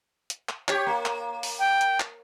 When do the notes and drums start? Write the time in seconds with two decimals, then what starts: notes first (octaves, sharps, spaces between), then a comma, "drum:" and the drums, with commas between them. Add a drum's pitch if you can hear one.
0.30 drum: hi-hat
0.49 drum: clap
0.68 G4 C#5, drum: clap
0.87 A#3
1.05 drum: clap
1.43 drum: open hi-hat
1.59 G5
1.81 drum: hi-hat
2.00 drum: clap